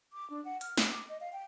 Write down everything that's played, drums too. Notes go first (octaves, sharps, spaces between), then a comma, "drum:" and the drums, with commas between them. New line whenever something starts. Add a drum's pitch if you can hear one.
D6
D4
F#5
F6, drum: hi-hat
D#6, drum: snare
D6
D#5
F5
G5